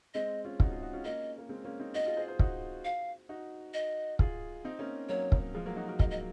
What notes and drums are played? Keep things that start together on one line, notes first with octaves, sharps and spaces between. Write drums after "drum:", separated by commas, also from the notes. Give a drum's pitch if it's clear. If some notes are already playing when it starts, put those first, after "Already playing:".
G#3 C4 D#5
C#4 F4
D#4 F#4, drum: kick
F4 G#4
D#4 F#4
C#4 F4
A#3 C#4 D#5
A#3
G#3 C4
A#3 C#4
C4 D#4
D#4 F#4 D#5
F4 G#4
G#4 C5
G#4 C5
D#4 F#4, drum: kick
F5
D#4 F#4
D#5
F4 G#4, drum: kick
C4 D#4
A#3 C#4
F#3 A#3 C#5
drum: kick
F3 G#3
F#3 A#3
D#4 F#4
F#4 A#4
D#5, drum: kick
D#5